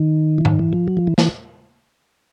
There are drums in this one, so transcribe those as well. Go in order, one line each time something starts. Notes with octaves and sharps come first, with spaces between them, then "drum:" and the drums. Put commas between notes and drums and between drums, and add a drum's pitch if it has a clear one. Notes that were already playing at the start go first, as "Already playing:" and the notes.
Already playing: D#3
E3
D#3, drum: tom G#2
E3
F3
F#3
F3
E3
E3, drum: snare